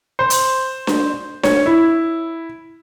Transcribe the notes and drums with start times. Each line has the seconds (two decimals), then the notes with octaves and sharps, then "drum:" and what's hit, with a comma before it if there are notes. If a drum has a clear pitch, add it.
0.19 C5
0.30 drum: hi-hat
0.87 drum: snare D4
1.43 C#5, drum: snare D4
1.66 E4